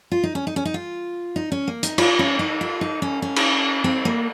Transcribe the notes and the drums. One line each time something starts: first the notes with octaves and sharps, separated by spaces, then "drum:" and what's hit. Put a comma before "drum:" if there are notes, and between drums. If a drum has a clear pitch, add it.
F4
D#4
C#4
D#4
C#4
D#4
F4
D#4
C#4
A#3
D#4, drum: hi-hat
F4, drum: cymbal
C#4
D#4
F4
D#4
C#4
C#4
drum: cymbal
C4
A#3